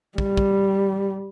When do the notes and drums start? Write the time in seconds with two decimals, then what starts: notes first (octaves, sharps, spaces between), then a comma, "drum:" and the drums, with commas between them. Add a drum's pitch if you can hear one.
0.18 G3, drum: kick
0.37 drum: kick